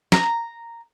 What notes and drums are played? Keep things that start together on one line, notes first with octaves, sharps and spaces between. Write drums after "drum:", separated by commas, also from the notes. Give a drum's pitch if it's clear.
A#5, drum: snare